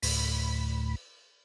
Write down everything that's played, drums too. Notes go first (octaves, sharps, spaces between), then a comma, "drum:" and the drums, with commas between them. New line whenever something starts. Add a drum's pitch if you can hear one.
D2 A2 B5, drum: open hi-hat